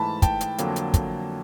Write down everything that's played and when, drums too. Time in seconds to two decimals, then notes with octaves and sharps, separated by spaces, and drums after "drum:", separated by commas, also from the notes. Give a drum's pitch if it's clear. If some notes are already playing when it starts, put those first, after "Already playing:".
Already playing: G#2 E3 A3 A5 B5
0.22 G5 A5, drum: kick, hi-hat
0.41 drum: hi-hat
0.58 F2 D3 F#3 A#3, drum: hi-hat
0.76 drum: hi-hat
0.94 drum: kick, hi-hat